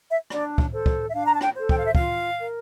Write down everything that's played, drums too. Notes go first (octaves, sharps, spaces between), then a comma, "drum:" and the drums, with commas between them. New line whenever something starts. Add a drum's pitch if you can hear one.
E5
D4 D5, drum: rim click
drum: kick
A4 C5
drum: kick
E5
D4 F5
A#5
A5
G5, drum: rim click
A4 C5
G5, drum: kick
F5
E5
F4 F5, drum: kick
A#4